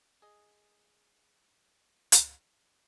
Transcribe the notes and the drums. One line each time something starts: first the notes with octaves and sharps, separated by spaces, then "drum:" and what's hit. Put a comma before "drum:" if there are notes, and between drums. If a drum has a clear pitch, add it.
G#4 D#5
drum: hi-hat